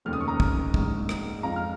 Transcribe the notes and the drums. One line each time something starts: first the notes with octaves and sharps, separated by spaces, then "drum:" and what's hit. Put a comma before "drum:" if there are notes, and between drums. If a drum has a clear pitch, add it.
F1 D#2 C#3 F6
D#6
C#6
A#5 D#6
drum: kick
A#1 G#2 G#3, drum: kick
drum: rim click
F2 F3 G#3 F5 A#5
F6